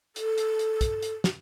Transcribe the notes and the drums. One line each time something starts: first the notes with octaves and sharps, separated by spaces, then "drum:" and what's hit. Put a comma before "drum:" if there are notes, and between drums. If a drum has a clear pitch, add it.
A4, drum: hi-hat
drum: hi-hat
drum: hi-hat
drum: kick, hi-hat
drum: hi-hat
drum: snare